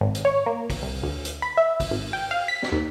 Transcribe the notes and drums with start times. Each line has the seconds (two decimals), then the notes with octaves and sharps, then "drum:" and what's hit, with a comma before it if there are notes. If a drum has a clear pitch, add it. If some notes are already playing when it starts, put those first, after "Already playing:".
0.01 G#1
0.15 drum: hi-hat
0.25 C#5
0.46 A#3
0.70 drum: kick, open hi-hat
0.82 C2
1.03 D2
1.25 drum: hi-hat
1.42 B5
1.57 E5
1.80 drum: kick, open hi-hat
1.91 G#1
2.13 G5
2.31 F5
2.48 B6
2.62 drum: snare
2.72 D#2